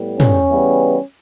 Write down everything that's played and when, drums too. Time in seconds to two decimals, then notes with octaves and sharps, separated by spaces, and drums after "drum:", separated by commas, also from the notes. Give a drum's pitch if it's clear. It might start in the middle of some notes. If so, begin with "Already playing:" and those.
Already playing: A2 G3 B3
0.20 C#4, drum: tom
0.49 C#3 E3 G3 B3